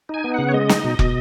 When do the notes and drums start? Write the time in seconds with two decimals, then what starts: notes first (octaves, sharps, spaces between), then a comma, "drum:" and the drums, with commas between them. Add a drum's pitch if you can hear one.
0.09 D#4 G#5
0.24 B3
0.34 C#3 F#5
0.49 C#5
0.54 G#3 D#5
0.69 D#4, drum: snare
0.84 B2
0.99 B2, drum: kick